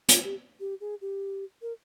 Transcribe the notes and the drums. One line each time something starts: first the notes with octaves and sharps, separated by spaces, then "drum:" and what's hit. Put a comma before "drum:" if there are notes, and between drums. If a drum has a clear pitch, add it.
F4, drum: hi-hat
G4
G4
G#4
G4
A#4